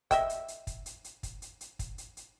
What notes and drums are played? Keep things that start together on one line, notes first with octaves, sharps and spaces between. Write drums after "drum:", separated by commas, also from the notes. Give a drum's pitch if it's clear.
D#5 E5 G5, drum: kick, hi-hat
drum: hi-hat
drum: hi-hat
drum: kick, hi-hat
drum: hi-hat
drum: hi-hat
drum: kick, hi-hat
drum: hi-hat
drum: hi-hat
drum: kick, hi-hat
drum: hi-hat
drum: hi-hat